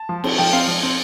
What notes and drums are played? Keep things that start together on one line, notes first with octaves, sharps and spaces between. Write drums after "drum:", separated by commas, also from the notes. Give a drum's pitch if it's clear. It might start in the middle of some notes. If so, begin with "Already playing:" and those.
Already playing: A5
F3
C4, drum: cymbal
F3 G5
C4 F5
F3
C4